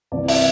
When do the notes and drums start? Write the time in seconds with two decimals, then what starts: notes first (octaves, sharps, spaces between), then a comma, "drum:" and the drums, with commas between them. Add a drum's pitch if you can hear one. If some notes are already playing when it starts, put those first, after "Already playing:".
0.12 C2 C3 E3 D5
0.28 E5, drum: open hi-hat